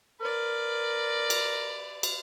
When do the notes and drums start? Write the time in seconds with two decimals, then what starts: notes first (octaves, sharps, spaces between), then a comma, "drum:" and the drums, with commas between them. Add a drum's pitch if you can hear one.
0.20 A#4 B4 D5
1.30 drum: cymbal
2.03 drum: cymbal